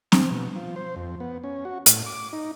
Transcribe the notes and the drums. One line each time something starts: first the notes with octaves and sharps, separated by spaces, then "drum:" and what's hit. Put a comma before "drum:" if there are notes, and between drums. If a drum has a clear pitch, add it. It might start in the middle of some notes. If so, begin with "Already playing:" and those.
C4, drum: snare C4
B2
F3
C5
F2
B3
C#4
F#4
A2, drum: hi-hat
D6
D#4